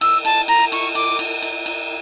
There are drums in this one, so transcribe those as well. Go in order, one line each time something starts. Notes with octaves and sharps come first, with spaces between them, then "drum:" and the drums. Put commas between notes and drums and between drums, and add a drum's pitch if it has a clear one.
E6, drum: cymbal
A5, drum: cymbal
A#5, drum: cymbal
C#6, drum: cymbal
D6, drum: cymbal
drum: cymbal
drum: cymbal
drum: cymbal